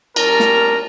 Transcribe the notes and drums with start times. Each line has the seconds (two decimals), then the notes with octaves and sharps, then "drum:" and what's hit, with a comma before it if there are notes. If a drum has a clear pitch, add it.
0.16 G3 C#4 A#4 A5 A#5, drum: cymbal
0.40 drum: snare